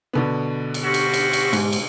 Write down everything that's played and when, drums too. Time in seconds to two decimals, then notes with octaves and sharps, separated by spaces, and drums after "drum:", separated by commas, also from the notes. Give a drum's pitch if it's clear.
0.13 B2 D3 B3
0.74 drum: cymbal
0.84 C4 C#4 F#4 G4
0.94 drum: cymbal
1.14 drum: cymbal
1.33 drum: cymbal
1.53 G#2, drum: cymbal
1.73 drum: cymbal